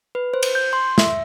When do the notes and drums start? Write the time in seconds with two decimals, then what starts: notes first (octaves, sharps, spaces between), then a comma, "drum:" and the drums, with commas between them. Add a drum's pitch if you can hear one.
0.15 B4
0.34 C5
0.43 drum: cymbal
0.55 G6
0.73 C6
0.98 E5, drum: snare